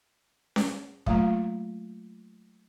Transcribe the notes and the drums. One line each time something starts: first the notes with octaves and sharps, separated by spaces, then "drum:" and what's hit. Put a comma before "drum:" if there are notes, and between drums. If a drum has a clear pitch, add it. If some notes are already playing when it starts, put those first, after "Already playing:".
drum: snare C#4
F#3 A3 A#3 F4 A#5, drum: kick